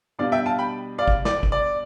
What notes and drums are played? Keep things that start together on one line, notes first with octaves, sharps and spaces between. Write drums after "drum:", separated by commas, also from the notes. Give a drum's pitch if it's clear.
B2 G3 B3 D4 D5 F5
E5 G5
F5 A5
G5 B5
D5 F5
drum: kick
D5, drum: snare
drum: kick
D5